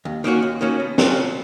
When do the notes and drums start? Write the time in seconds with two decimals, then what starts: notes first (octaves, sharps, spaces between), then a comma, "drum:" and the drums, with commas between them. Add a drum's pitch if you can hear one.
0.05 D#2
0.24 D#3 A#3 C#4 F#4
0.42 D#2
0.61 D#3 A#3 C#4 F#4
0.80 B2
0.98 F#3 C#4 F4, drum: snare
1.17 B2